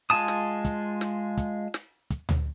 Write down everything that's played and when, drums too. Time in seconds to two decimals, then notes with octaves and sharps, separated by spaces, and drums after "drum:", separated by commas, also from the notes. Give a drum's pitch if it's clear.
0.10 G#3 F4 G#5 A5 D#6
0.28 drum: snare
0.65 drum: kick, hi-hat
1.01 drum: snare
1.38 drum: kick, hi-hat
1.74 drum: snare
2.10 drum: kick, hi-hat
2.29 drum: tom D2